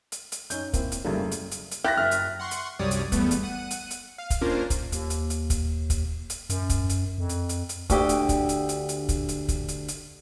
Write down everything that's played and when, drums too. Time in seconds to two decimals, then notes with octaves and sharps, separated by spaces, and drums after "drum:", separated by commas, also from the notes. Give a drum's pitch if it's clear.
0.12 drum: hi-hat
0.32 drum: hi-hat
0.50 F#2 C#4 D#4 G6, drum: hi-hat
0.73 A#3 C4 E4, drum: kick, hi-hat
0.92 drum: hi-hat
1.05 F#2 C#3 G3 A3 A#3 E4
1.31 drum: hi-hat
1.51 drum: hi-hat
1.71 drum: hi-hat
1.84 E4 G4 E5 F#6 A6 A#6
1.98 F#1 E5 F6
2.11 drum: hi-hat
2.40 F#5 C6 C#6
2.51 drum: hi-hat
2.79 C2 F#2 G3 C#5 D5 D#6
2.91 drum: hi-hat
3.12 E2 G3 A3 B3, drum: kick, hi-hat
3.31 drum: hi-hat
3.43 F#5 D#7
3.71 drum: hi-hat
3.91 drum: hi-hat
4.18 F5
4.30 drum: kick, hi-hat
4.41 A#3 C#4 D4 F4 A#4 C5
4.70 drum: kick, hi-hat
4.92 D#2, drum: hi-hat
5.10 drum: hi-hat
5.30 drum: hi-hat
5.50 drum: kick, hi-hat
5.90 drum: kick, hi-hat
6.30 drum: hi-hat
6.50 F#2, drum: hi-hat
6.69 drum: kick, hi-hat
6.89 drum: hi-hat
7.18 F2
7.29 drum: hi-hat
7.49 drum: hi-hat
7.69 drum: hi-hat
7.90 D2 D3 G4 D#5, drum: kick, hi-hat
8.09 drum: hi-hat
8.29 drum: kick, hi-hat
8.49 drum: hi-hat
8.69 drum: hi-hat
8.89 drum: hi-hat
9.09 drum: kick, hi-hat
9.29 drum: hi-hat
9.48 drum: kick, hi-hat
9.68 drum: hi-hat
9.88 drum: hi-hat